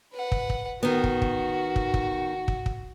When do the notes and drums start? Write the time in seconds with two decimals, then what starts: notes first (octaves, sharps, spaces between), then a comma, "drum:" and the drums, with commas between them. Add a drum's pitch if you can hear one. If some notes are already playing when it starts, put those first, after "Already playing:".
0.14 B4 F#5
0.32 drum: kick
0.50 drum: kick
0.83 D#3 B3 F#4
1.04 drum: kick
1.22 drum: kick
1.76 drum: kick
1.94 drum: kick
2.48 drum: kick
2.66 drum: kick